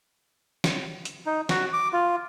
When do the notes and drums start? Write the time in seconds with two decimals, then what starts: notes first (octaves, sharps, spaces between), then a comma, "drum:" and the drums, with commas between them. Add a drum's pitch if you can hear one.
0.64 drum: snare
1.05 drum: hi-hat
1.26 D#4
1.49 F#4, drum: snare
1.73 D6
1.93 F4